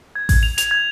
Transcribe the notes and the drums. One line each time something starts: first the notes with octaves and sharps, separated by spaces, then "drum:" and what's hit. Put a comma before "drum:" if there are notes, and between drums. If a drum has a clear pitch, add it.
G#6
G#6, drum: kick A1, open hi-hat
F7
F7, drum: hi-hat
G#6